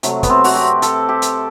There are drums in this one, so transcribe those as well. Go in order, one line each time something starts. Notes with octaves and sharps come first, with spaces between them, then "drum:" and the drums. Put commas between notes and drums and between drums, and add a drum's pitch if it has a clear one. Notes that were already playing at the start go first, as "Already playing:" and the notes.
C3 F#3 A3, drum: hi-hat
B3, drum: kick, hi-hat
C4
F#4, drum: open hi-hat
G4
A4, drum: hi-hat
G4
drum: hi-hat